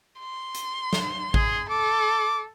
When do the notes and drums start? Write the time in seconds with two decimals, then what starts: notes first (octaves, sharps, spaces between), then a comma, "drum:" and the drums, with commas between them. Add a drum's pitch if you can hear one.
0.20 C6
0.54 drum: hi-hat
0.93 drum: snare
1.34 G#4, drum: kick A1
1.70 A4 D6